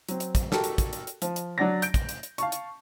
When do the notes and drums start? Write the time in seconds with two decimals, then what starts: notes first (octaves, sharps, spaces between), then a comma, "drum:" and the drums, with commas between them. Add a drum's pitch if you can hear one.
0.08 F#3 C4, drum: hi-hat
0.20 drum: hi-hat
0.35 drum: kick, hi-hat
0.52 F#4 G4 A4 A#4, drum: snare
0.64 drum: hi-hat
0.78 drum: kick, hi-hat
0.93 drum: hi-hat
1.07 drum: hi-hat
1.22 F3, drum: hi-hat
1.36 drum: hi-hat
1.58 F#3 D4 D5 F#5 A6 A#6
1.82 G6 D7, drum: hi-hat
1.94 drum: kick, hi-hat
2.09 drum: hi-hat
2.23 drum: hi-hat
2.38 F5 A5 C#6, drum: hi-hat
2.52 drum: hi-hat